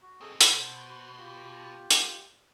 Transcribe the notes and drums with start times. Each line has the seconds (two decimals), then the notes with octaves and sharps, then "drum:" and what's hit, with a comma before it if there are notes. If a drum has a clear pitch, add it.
0.02 F#4
0.21 C4 D#4 G#4 A4 D#6
0.41 B2 C5 F#5 A5, drum: hi-hat
1.18 F4 G4
1.90 drum: hi-hat